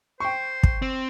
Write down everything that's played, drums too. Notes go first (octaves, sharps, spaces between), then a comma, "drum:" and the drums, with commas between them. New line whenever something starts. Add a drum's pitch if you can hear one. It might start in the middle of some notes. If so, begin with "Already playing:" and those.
C5 G5 C#6
drum: kick
C4